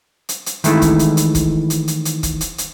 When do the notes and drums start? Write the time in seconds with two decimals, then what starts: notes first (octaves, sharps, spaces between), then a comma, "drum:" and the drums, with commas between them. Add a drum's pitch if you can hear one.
0.29 drum: hi-hat
0.46 drum: hi-hat
0.64 D#3 E3 G#3 A3 E4, drum: hi-hat
0.82 drum: kick, hi-hat
0.99 drum: hi-hat
1.17 drum: hi-hat
1.35 drum: kick, hi-hat
1.70 drum: hi-hat
1.88 drum: hi-hat
2.05 drum: hi-hat
2.23 drum: kick, hi-hat
2.41 drum: hi-hat
2.58 drum: hi-hat